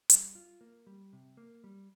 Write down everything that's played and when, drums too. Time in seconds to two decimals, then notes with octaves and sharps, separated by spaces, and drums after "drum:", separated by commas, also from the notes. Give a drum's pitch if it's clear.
0.10 G3, drum: hi-hat
0.35 F4
0.61 A#3
0.87 G3
1.13 C3
1.37 A#3
1.64 G3